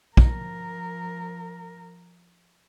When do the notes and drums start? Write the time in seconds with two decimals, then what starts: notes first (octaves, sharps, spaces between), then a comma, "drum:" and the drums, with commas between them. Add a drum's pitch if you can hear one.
0.17 F3 A#4, drum: kick